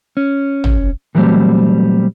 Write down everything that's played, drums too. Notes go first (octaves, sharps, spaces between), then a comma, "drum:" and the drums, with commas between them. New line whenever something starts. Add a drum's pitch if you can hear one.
C#4
drum: tom
A#2 E3 F#3 G3 A3 C4